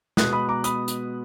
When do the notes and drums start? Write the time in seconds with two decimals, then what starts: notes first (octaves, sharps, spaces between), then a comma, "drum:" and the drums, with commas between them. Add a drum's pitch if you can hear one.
0.17 B2 G#3 B3 D#6 F#6, drum: snare
0.33 B5 D#6
0.49 A#5 D6
0.64 B5 D#6, drum: hi-hat
0.88 drum: hi-hat